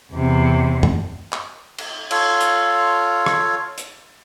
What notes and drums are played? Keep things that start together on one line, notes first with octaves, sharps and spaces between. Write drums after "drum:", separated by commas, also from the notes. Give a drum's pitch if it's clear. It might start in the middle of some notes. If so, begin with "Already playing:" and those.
E2 C3
drum: tom
drum: clap
drum: cymbal
F4 A4 C#5 F5, drum: cymbal
drum: hi-hat
drum: rim click
drum: hi-hat